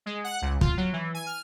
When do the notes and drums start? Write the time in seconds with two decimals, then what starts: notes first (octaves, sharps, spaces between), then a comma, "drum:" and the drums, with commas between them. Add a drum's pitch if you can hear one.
0.06 G#3
0.24 F#5
0.42 C#2
0.61 F4, drum: kick
0.77 F#3
0.93 E3
1.14 G#5
1.27 F6